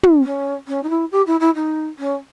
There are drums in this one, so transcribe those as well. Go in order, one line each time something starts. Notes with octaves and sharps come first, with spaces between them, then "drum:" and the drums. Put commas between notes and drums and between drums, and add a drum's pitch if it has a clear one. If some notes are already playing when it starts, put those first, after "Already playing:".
drum: tom
C#4
C#4
D#4
E4
G4
E4
E4
D#4
C#4